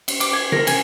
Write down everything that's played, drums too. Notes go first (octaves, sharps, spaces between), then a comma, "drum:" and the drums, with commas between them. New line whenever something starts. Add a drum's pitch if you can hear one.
drum: cymbal
D6, drum: cymbal
G#5
A#4, drum: tom C3
G#5, drum: cymbal